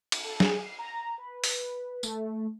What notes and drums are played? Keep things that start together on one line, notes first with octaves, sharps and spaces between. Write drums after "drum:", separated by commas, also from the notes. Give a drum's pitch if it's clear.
drum: cymbal
A4
G#4, drum: snare
C7
A#5
B4
drum: open hi-hat
A3, drum: tambourine